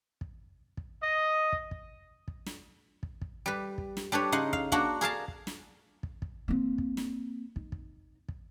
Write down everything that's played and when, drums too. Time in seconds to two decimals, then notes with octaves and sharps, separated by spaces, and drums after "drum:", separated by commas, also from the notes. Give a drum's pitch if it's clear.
0.21 drum: kick
0.77 drum: kick
1.03 D#5
1.53 drum: kick
1.71 drum: kick
2.28 drum: kick
2.46 drum: snare
3.03 drum: kick
3.22 drum: kick
3.46 G3 B4
3.78 drum: kick
3.97 drum: snare
4.12 G3 D4 B4 C#5
4.32 C#3 D#4 D#5 F#5 C6
4.53 F5, drum: kick
4.72 A#3 D4 F#4 F#5, drum: kick
5.01 G#4 A#4 F5 A5
5.28 drum: kick
5.47 drum: snare
6.03 drum: kick
6.22 drum: kick
6.48 A#3 C4
6.78 drum: kick
6.97 drum: snare
7.56 D#4, drum: kick
7.72 drum: kick
8.29 drum: kick